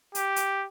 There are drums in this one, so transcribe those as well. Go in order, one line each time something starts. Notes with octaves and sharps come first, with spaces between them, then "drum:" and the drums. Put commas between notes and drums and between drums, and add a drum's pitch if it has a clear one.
G4, drum: hi-hat
drum: hi-hat